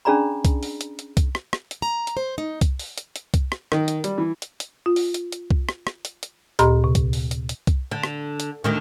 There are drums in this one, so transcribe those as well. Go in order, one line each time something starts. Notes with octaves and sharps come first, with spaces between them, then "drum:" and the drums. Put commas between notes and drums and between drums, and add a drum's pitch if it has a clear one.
C#4 D4 G#4 D5 A#5 B5
drum: kick C2, hi-hat
drum: open hi-hat
drum: hi-hat
drum: hi-hat
drum: kick C2, hi-hat
drum: rim click
drum: rim click
drum: hi-hat
A#5
drum: hi-hat
C5
D#4
drum: kick C2, hi-hat
drum: open hi-hat
drum: hi-hat
drum: hi-hat
drum: kick C2, hi-hat
drum: rim click
D#3, drum: rim click
drum: hi-hat
G3, drum: hi-hat
E3
drum: hi-hat
drum: hi-hat
F4
drum: open hi-hat
drum: hi-hat
drum: hi-hat
drum: kick C2
drum: rim click
drum: rim click
drum: hi-hat
drum: hi-hat
D2 A#2 G4 A#5 C6, drum: hi-hat
C3
drum: kick C2, hi-hat
drum: open hi-hat
drum: hi-hat
drum: hi-hat
drum: kick C2, hi-hat
D3
drum: rim click
drum: hi-hat
D2 D3 D#3